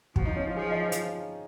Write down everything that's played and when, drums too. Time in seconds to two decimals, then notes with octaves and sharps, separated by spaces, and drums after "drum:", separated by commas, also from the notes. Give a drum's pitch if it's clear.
0.16 F3 F#4, drum: kick
0.25 D#4
0.36 C#4
0.47 F4
0.56 F3 G#4
0.71 D#5
0.92 drum: hi-hat